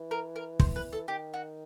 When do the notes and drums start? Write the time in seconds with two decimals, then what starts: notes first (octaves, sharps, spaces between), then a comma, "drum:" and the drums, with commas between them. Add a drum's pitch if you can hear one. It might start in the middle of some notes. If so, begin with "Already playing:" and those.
Already playing: E3
0.11 A#4
0.36 A#4
0.60 C5, drum: kick
0.76 B4
0.93 A4
1.08 D#3 G4
1.34 F#4